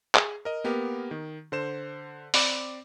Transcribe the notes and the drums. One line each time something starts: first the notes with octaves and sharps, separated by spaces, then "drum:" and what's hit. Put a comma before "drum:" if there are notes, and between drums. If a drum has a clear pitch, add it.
G#4, drum: clap
A#4 D#5
A#3 B3 G4 A#4
D#3
D3 C5 E7
C4 D5 B5 D6, drum: open hi-hat